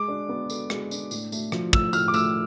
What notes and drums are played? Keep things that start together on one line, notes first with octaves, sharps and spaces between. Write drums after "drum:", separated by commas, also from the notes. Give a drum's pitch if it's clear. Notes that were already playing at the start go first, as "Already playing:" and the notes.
Already playing: G#3 D6
D4
B3
A4, drum: tambourine
G#3, drum: rim click
D4, drum: tambourine
A2, drum: tambourine
A3, drum: tambourine
F3, drum: rim click
A2 E6, drum: kick
A2 F6, drum: tambourine
D6
A3 E6, drum: tambourine